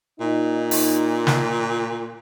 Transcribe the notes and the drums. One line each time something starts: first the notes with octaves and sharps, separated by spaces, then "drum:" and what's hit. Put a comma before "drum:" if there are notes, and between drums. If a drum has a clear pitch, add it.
A#2 D#4
drum: open hi-hat
drum: snare